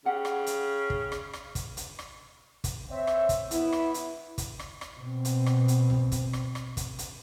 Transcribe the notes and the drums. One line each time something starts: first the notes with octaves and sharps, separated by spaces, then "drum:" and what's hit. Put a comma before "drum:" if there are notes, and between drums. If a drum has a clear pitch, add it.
C#3 G4 F#5
drum: rim click
drum: hi-hat
drum: kick
drum: rim click
drum: rim click
drum: kick, hi-hat
drum: hi-hat
drum: rim click
drum: kick, hi-hat
C4 C#5 E5
drum: rim click
drum: kick, hi-hat
B3 E4, drum: hi-hat
drum: rim click
drum: hi-hat
drum: kick, hi-hat
drum: rim click
drum: rim click
B2 C4
drum: hi-hat
drum: rim click
drum: hi-hat
drum: tom A#1
drum: kick, hi-hat
drum: rim click
drum: rim click
drum: kick, hi-hat
drum: hi-hat